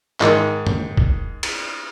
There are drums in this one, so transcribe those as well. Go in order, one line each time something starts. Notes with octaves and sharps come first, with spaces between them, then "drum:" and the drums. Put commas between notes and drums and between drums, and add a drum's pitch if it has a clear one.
G#2 D#3, drum: clap
drum: tom
drum: kick
drum: cymbal